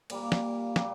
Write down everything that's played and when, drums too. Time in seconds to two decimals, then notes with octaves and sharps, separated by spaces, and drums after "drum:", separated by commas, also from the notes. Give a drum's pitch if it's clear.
0.10 A#2 G3 A#3, drum: cymbal
0.32 drum: snare
0.76 A#2 G3 A#3, drum: snare